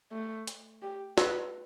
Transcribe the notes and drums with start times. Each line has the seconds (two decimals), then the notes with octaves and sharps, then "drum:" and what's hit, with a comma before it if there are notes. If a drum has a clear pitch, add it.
0.12 A3
0.47 drum: hi-hat
0.83 G4
1.18 B4, drum: snare